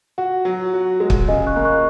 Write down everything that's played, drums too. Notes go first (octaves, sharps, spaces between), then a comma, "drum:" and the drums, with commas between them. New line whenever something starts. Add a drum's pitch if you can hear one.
F#4 F#5
F#3
F#4
G#3
drum: kick
C#3 D#5 G#5
C#6 F#6
A#3
C#6 F#6